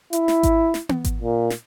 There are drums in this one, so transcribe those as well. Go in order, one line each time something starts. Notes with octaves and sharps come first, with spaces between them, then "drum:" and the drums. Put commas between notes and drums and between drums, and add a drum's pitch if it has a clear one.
E4, drum: hi-hat
drum: snare
drum: kick G#1, hi-hat
drum: snare
drum: tom B3
drum: kick G#1, hi-hat
A#2
drum: snare